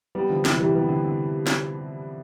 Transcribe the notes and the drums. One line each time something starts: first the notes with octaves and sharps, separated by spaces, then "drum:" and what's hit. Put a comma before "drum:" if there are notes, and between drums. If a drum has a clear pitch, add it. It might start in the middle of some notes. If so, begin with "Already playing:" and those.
G3 B3
D3 F3
C3 E3, drum: snare
E3 G3
G3 B3
D3
D3
drum: snare